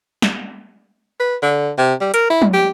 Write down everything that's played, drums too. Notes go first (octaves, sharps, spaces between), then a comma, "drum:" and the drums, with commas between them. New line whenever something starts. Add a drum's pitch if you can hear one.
drum: snare
B4
D3
C3
G3
A#4, drum: hi-hat
E4
drum: tom
G4